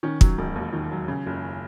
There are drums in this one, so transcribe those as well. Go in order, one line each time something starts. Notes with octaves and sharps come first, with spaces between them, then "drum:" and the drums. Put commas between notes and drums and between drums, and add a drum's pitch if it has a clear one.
D#3 C#4
F#3, drum: kick
E1
D#2
D#3
F#3
C#3
F#1